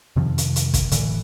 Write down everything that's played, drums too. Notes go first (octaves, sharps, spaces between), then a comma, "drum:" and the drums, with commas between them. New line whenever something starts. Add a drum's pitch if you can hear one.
F2 C3 D#3 F3
drum: hi-hat
drum: hi-hat
drum: kick, hi-hat
A2 D3 E3, drum: hi-hat